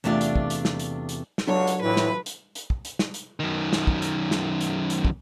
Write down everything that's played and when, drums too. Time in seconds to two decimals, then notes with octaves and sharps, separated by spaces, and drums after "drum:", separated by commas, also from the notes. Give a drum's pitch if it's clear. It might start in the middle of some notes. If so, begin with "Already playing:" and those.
0.04 E2 C3 A3 D4 F4 D5
0.21 drum: hi-hat
0.36 drum: kick
0.50 drum: hi-hat
0.65 drum: snare
0.79 drum: hi-hat
1.09 drum: hi-hat
1.38 drum: snare
1.47 C#2 F#3 D4 F#4 A4 C#5
1.67 drum: hi-hat
1.82 F2 A2 C3 E3 B4
1.97 drum: snare
2.26 drum: hi-hat
2.55 drum: hi-hat
2.70 drum: kick
2.85 drum: hi-hat
2.99 drum: snare
3.14 drum: hi-hat
3.40 F#2 D#3
3.73 drum: snare
3.87 drum: kick
4.02 drum: hi-hat
4.31 drum: snare
4.61 drum: hi-hat
4.90 drum: hi-hat
5.05 drum: kick